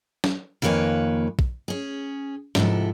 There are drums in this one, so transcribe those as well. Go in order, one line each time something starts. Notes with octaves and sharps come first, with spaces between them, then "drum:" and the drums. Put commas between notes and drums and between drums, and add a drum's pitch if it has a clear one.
drum: snare
F2 D#3 A#3 B4 C#5 G#5
drum: kick
C#4 G#4
G#2 C3 F3 E4 A4, drum: snare